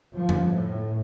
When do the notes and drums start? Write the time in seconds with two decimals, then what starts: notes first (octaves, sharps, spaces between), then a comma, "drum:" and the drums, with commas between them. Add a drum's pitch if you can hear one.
0.15 F3
0.29 drum: tom F2
0.53 A2